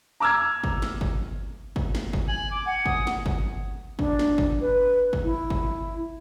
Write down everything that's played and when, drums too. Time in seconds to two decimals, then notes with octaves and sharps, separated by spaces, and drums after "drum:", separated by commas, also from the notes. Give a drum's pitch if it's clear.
0.20 A#5 D6 E6 F6 G#6
0.64 drum: kick
0.82 drum: snare
1.01 drum: kick
1.76 drum: kick
1.95 drum: snare
2.13 drum: kick
2.28 G#5 F#7
2.51 D6
2.66 F#5 G#5
2.86 D#6, drum: kick
3.07 drum: snare
3.26 drum: kick
3.99 D4, drum: kick
4.19 drum: snare
4.38 drum: kick
4.61 B4
5.13 drum: kick
5.24 E4
5.50 drum: kick